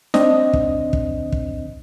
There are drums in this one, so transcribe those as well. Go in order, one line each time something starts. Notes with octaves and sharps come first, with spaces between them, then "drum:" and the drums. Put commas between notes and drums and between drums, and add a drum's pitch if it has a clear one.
C4 D4 D#5, drum: snare
drum: kick
drum: kick
drum: kick